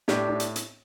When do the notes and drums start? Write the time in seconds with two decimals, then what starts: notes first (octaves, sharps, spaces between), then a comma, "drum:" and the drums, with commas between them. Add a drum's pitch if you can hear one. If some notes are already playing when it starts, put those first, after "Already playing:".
0.08 A2 D4 G4, drum: snare
0.29 A2
0.40 drum: hi-hat
0.56 drum: hi-hat